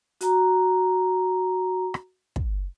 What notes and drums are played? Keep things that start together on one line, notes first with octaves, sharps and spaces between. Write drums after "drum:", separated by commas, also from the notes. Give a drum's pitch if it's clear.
F#4 A#5, drum: hi-hat
drum: rim click
drum: kick